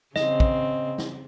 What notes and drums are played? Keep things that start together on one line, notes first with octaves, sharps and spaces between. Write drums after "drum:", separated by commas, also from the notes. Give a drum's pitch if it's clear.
C#3 C4 D#5, drum: snare
drum: kick
drum: snare